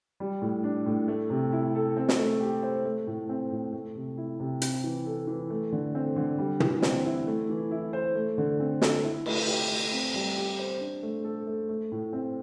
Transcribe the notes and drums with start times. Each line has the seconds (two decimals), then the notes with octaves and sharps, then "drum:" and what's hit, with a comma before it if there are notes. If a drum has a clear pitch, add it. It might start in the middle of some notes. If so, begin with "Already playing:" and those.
0.20 G3
0.41 A2
0.64 D4
0.86 A2
1.08 A3
1.30 C3
1.52 E4
1.75 A4
1.97 C4
2.09 drum: snare
2.19 A3
2.40 G4
2.63 C5
2.85 A3
3.07 A2
3.29 C4
3.51 A2
3.73 A3
3.95 C3
4.17 E4
4.40 C3
4.62 C4, drum: hi-hat
4.84 E3
5.06 A4
5.27 E3
5.50 A3
5.72 D3
5.95 C4
6.16 D3
6.38 G3
6.60 E3, drum: tom
6.82 C4, drum: snare
7.05 E4
7.27 A3
7.49 E3
7.71 E4
7.93 C5
8.15 A3
8.38 D3
8.60 C4
8.82 A4, drum: snare
9.03 E4
9.26 A3, drum: cymbal
9.48 G4
9.70 A3
9.92 C4
10.14 G3
10.36 G4
10.59 C5
10.81 D4
11.03 A3
11.24 A4
11.47 A3
11.69 A3
11.92 A2
12.13 C4